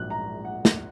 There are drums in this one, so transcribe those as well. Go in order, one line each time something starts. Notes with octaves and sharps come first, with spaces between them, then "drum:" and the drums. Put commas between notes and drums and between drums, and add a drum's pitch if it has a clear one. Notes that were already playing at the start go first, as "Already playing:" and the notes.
Already playing: A#1 G#2 F#3 F#6
A#5
F#5
drum: snare